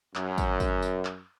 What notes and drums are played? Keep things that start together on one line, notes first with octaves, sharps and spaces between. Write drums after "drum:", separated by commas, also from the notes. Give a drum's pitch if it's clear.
F#2, drum: clap
drum: kick, tambourine
drum: kick, tambourine
drum: tambourine
drum: clap